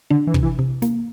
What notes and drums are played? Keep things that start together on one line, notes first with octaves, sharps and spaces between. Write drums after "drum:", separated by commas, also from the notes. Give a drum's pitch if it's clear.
D3 D4
E3
C3, drum: kick
E3
C3
A#3, drum: snare